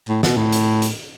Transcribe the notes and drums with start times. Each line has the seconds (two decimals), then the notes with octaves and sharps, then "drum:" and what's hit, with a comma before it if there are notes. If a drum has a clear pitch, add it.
0.09 A2
0.23 B2, drum: snare
0.37 A2
0.52 drum: hi-hat
0.82 drum: hi-hat